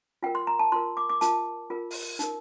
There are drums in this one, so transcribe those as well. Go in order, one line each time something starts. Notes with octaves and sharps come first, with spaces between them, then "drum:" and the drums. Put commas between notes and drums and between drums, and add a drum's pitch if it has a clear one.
F4 A#4 G5
C6
A#5
A5
F4 A#4 C6
D6
D6
F4 A#4 A5, drum: hi-hat
F4 A#4
drum: open hi-hat
D#4 A#4, drum: hi-hat